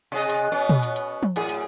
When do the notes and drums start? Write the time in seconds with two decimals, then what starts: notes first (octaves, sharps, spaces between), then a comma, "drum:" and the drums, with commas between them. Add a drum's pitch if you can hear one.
0.12 C3 G#4 D#5
0.30 drum: hi-hat
0.52 B2 B3 C#4
0.69 drum: tom
0.83 drum: hi-hat
0.96 drum: hi-hat
1.23 drum: tom
1.36 F#2 A2 G#4, drum: hi-hat
1.49 drum: hi-hat